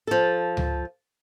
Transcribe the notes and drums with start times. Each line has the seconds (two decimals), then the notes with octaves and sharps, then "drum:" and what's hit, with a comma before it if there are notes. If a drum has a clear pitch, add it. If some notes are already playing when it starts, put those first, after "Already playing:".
0.07 F3 A4
0.57 drum: tom C#2